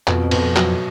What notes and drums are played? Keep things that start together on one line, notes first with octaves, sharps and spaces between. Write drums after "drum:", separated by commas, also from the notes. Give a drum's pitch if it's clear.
F2 B2, drum: clap
B2, drum: cymbal
F#3, drum: clap